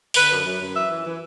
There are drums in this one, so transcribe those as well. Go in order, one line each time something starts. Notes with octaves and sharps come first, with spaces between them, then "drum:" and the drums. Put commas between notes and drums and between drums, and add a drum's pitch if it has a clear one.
D3 B4, drum: open hi-hat
F#2
F#2
F#2
E3 E5
E3
E3